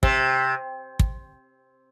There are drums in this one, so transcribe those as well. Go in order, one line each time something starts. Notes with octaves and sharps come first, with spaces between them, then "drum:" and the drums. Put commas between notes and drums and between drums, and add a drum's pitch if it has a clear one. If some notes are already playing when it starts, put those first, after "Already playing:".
C3, drum: kick
drum: kick